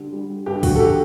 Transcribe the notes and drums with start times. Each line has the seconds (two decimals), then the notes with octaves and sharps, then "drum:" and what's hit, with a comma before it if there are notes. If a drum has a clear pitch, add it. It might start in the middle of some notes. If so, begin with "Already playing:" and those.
Already playing: D3 G3
0.13 G3
0.46 G2 G4
0.63 F#4, drum: kick, open hi-hat
0.75 A4
0.80 D3 G4